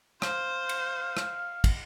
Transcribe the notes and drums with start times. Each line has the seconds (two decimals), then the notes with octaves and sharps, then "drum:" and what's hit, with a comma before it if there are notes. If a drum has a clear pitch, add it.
0.22 C5 F5, drum: rim click
0.69 drum: cymbal
1.17 drum: rim click
1.64 drum: kick, cymbal